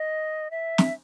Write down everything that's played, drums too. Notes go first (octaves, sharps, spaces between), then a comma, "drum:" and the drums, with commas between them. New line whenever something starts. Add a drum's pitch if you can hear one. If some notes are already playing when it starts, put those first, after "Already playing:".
Already playing: D#5
E5
drum: snare